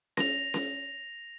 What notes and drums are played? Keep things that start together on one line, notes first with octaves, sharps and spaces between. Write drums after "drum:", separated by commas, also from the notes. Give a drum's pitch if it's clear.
A#6 F7, drum: snare C#4
drum: snare C#4